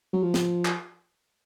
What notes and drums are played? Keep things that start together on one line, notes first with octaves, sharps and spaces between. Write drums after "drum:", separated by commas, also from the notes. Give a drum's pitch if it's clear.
F#3
F3
drum: snare
drum: clap